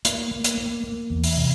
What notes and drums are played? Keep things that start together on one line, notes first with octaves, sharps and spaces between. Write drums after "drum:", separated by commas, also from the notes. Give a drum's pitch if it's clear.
A#3, drum: hi-hat
A#3
drum: hi-hat
A#3
A#3
E2
drum: open hi-hat
C3